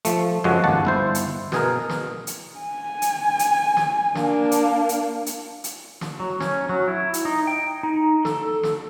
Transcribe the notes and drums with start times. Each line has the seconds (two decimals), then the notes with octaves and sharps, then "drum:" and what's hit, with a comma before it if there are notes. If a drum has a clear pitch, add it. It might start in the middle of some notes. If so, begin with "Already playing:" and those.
0.05 F3 A3, drum: hi-hat
0.44 F#2 C#3 F3 G#3 F#4
0.64 G#1 D#2 F#5 A5
0.85 G1 E4 C5
1.15 drum: hi-hat
1.52 B2 G#4 A#4, drum: snare
1.89 drum: snare
2.27 drum: hi-hat
2.59 G#5
3.02 drum: hi-hat
3.39 drum: hi-hat
3.77 drum: snare
4.15 A#3 D4, drum: snare
4.52 drum: hi-hat
4.89 drum: hi-hat
5.26 drum: hi-hat
5.64 drum: hi-hat
6.01 drum: snare
6.20 F#3
6.40 C#4, drum: snare
6.69 F#3
6.88 E4
7.14 drum: hi-hat
7.25 D#4
7.47 G5
7.83 D#4
8.25 A4, drum: snare
8.63 drum: snare